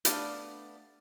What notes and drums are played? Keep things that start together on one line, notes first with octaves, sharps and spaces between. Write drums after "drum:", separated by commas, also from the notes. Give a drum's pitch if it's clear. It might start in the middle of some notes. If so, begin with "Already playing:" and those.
A3 B3 D4 F5, drum: hi-hat